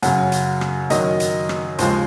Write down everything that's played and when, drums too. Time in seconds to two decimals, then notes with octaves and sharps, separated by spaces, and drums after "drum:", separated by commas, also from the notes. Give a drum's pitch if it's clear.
0.03 F#2 C#3 F#3 F#5, drum: hi-hat
0.32 drum: hi-hat
0.61 drum: rim click
0.90 F#2 D#3 F#3 D#5, drum: hi-hat
1.20 drum: hi-hat
1.49 drum: rim click
1.78 D#2 C#3 F3 G#3 C5, drum: hi-hat